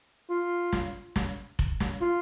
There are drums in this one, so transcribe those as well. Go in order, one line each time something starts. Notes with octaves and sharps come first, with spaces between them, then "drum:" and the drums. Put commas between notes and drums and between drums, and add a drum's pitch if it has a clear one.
F4
drum: snare
drum: snare
drum: kick F1
drum: snare
F4